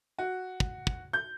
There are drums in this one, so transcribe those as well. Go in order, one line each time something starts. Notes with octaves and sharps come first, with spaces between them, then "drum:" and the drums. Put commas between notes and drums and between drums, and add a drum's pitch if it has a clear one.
F#4
drum: kick
drum: kick
G6